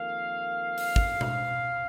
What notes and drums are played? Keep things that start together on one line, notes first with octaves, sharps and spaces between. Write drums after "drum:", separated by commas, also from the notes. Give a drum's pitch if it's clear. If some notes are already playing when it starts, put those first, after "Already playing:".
Already playing: F2 D#3 A#3 F5
drum: open hi-hat
drum: kick
drum: tom B2